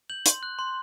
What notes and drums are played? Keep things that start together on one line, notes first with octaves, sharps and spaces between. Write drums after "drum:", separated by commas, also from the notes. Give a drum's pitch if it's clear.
G6 F#7
C6, drum: hi-hat
F#6
C6